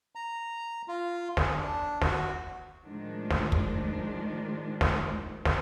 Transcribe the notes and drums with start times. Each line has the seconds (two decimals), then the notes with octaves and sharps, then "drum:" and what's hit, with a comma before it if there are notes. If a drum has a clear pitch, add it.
0.15 A#5
0.88 F4
1.37 G#4, drum: snare
1.56 D4
2.02 F#4, drum: snare
2.84 A2 D#3 F3 G#3 D4
3.31 drum: snare
3.52 drum: kick
4.81 drum: snare
5.45 drum: snare